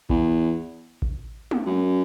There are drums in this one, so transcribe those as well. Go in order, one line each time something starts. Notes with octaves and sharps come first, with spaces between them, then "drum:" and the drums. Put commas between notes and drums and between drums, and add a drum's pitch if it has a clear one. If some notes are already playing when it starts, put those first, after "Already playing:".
E2, drum: kick A1
drum: kick A1
drum: tom
F#2